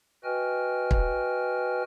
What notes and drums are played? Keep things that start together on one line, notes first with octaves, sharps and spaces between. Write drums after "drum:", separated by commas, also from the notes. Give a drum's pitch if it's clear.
F#4 B4 D#5 G5 G#5 F6
drum: kick